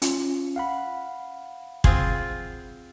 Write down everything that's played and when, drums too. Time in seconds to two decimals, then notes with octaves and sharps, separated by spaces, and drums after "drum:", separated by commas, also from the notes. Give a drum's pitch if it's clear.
0.02 C#4 F4, drum: hi-hat
0.56 F5 F#5 B5
1.84 C4 F4 G#4, drum: kick